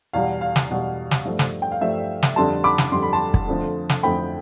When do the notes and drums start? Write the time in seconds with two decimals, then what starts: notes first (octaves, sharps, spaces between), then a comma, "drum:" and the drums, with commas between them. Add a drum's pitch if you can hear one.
0.13 E2 B2 G3 F5
0.41 F5
0.56 drum: snare
0.70 E2 B2 G3
1.11 drum: snare
1.25 G2 F3 A3
1.39 drum: snare
1.62 G5
1.72 F5
1.81 G2 F3 A3 E5
2.23 drum: snare
2.36 F2 D3 G3 A5 C6
2.64 B5 D6
2.78 drum: snare
2.92 F2 D3 G3 C6
3.03 B5
3.13 A5 C6
3.34 drum: kick
3.47 F2 D3 F3 A3
3.89 drum: snare
4.03 F2 D3 F3 A3 G5 B5